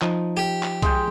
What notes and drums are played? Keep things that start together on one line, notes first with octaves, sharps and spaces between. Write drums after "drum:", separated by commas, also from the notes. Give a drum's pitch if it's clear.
F3 D#4, drum: clap
G4
drum: clap
G#3 G5, drum: kick, hi-hat